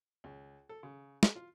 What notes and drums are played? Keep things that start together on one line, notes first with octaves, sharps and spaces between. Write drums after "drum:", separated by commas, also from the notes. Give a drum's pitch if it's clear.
C#2
A4
C#3
drum: snare
F4